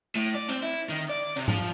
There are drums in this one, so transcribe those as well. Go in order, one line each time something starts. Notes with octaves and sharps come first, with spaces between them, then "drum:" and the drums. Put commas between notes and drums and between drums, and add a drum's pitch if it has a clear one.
A2
D5
C4
E4
D#3
D5
C3
F3, drum: tom G#2